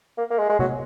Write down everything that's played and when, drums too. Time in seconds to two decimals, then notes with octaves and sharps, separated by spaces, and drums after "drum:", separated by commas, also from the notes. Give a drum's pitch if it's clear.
0.18 A#3
0.31 A#3
0.38 G#3
0.49 G#3
0.59 F#3, drum: tom C3